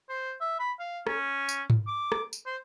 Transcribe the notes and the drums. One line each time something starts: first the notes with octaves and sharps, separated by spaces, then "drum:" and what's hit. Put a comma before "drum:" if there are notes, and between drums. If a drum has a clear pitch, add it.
C5
E5
B5
F5
C#4, drum: rim click
drum: tambourine
drum: tom G#2
D6
drum: rim click
drum: tambourine
C5